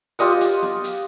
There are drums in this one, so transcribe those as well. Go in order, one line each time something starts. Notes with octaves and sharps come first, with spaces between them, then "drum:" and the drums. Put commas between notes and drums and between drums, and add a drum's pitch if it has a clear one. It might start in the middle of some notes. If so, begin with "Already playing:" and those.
F4 G4 D#5 F#5, drum: hi-hat
drum: hi-hat
drum: snare
drum: hi-hat